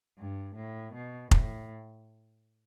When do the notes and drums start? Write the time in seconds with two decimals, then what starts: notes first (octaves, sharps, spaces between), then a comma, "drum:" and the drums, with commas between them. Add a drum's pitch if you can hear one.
0.18 G2
0.56 A2
0.94 B2
1.31 A2, drum: kick F1